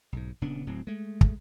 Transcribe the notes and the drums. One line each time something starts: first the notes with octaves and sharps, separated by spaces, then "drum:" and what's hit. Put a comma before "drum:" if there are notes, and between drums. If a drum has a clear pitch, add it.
B1 G#2
D#1 C#3 B3 D4
D1 A2 F#3 C4
G#3 A3
drum: kick